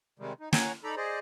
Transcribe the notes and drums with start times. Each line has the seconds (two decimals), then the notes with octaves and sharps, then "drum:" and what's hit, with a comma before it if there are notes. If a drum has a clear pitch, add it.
0.19 C3 D#3 G3 G#3
0.41 D#4
0.53 C#5 F#5 G#5 A#5, drum: snare
0.84 D#4 A4 D5 A#5 B5
0.97 G#4 C5 D5 D#5